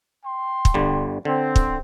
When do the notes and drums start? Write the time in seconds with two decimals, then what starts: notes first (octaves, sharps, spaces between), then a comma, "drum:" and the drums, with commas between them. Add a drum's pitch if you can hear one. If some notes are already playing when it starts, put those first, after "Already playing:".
0.23 G5 C6
0.65 drum: kick
0.74 G1 D3 G3
1.25 D3 C4
1.56 drum: kick